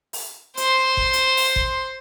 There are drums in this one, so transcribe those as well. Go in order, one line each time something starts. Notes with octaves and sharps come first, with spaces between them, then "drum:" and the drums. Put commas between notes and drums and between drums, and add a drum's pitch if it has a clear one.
drum: open hi-hat
C5 C6, drum: hi-hat
drum: kick F#1
drum: hi-hat
drum: open hi-hat
drum: kick F#1